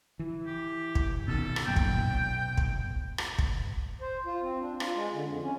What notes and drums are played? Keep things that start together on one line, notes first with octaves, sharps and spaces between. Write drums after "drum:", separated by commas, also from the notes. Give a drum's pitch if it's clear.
E3
G4
drum: kick
B2 D#3 A4
drum: rim click
A#1 F#2 A#2 G5
drum: kick
B1
drum: kick
drum: rim click
drum: kick
C5
F4
C4
D4
F4, drum: rim click
G#3
D3
F2
C#4